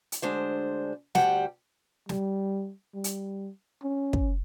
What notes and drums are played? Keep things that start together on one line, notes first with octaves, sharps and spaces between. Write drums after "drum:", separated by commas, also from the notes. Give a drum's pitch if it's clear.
drum: hi-hat
D2 G#3 D4 C5
D2 G3 F#5 G5 A5, drum: snare
G3, drum: snare
G3
drum: hi-hat
C#4
drum: kick